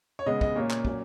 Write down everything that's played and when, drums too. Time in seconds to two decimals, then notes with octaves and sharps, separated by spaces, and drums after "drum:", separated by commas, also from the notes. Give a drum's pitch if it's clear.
0.19 C#5
0.26 C#3 G#3 B3 D#5
0.41 D#5, drum: kick
0.55 A#2 A#3 C#4 C#5
0.71 drum: clap
0.85 A#2 F#3 A#3 C#4, drum: kick